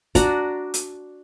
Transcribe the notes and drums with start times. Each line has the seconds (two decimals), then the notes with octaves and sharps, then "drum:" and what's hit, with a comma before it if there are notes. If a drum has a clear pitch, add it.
0.15 D4 F#4 F#5 A#5, drum: kick, hi-hat
0.74 drum: hi-hat